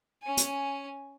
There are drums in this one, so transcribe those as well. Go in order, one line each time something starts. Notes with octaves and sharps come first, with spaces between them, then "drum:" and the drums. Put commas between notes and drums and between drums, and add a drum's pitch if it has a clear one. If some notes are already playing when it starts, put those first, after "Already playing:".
C#4 G#5
drum: hi-hat